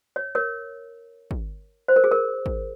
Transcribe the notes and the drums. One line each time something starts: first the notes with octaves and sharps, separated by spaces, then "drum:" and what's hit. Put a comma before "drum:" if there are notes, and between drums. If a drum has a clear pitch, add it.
C#5
A#4 C#5
drum: kick
C5
A#4
G#4
A#4
drum: kick